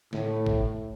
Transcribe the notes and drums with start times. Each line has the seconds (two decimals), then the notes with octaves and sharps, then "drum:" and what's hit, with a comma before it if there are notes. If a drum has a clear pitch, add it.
0.13 A2, drum: snare
0.46 drum: kick G1